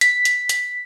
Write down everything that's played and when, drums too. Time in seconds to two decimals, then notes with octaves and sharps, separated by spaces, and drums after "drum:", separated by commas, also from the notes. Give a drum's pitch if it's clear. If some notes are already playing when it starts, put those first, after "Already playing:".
0.01 B6, drum: hi-hat
0.25 drum: hi-hat
0.49 drum: hi-hat